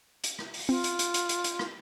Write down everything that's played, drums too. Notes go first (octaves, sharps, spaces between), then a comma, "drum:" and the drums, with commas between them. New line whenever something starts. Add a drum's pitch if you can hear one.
drum: hi-hat
drum: rim click
drum: open hi-hat
C4 F4
drum: hi-hat
drum: hi-hat
drum: hi-hat
drum: hi-hat
drum: hi-hat
drum: rim click